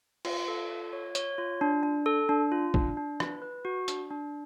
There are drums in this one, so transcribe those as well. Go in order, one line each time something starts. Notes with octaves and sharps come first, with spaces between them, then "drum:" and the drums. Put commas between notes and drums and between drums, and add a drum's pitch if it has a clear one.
F4, drum: cymbal
A4
F4
C#5
C#5, drum: hi-hat
F4
D4
D4
A4
D4
F4
D4, drum: kick
D4
B4, drum: rim click
B4
F#4
D4, drum: hi-hat
D4